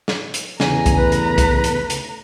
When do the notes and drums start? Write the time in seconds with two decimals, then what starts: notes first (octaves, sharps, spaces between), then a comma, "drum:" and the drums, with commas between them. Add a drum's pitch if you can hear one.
0.08 drum: snare
0.34 drum: hi-hat
0.60 E2 C#3 A3 G#5 A#5, drum: snare
0.86 drum: kick, hi-hat
0.97 B4
1.12 drum: hi-hat
1.38 drum: kick, hi-hat
1.64 drum: hi-hat
1.90 drum: hi-hat